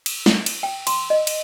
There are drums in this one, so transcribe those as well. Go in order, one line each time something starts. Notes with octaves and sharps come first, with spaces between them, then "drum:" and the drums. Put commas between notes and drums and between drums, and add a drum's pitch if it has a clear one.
drum: cymbal
drum: snare
drum: cymbal
G5
C6, drum: cymbal
D#5
drum: cymbal